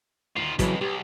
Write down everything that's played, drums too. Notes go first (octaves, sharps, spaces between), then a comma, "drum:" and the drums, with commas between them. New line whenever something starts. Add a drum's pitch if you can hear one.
D2 D#3 F4
F2 C#3 E3 F#3, drum: kick, hi-hat
B1 G4